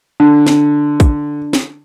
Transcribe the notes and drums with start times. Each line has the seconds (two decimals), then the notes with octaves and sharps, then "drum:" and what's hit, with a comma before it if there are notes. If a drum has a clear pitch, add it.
0.20 D3 D4
0.47 drum: snare
1.00 drum: kick, hi-hat
1.53 drum: snare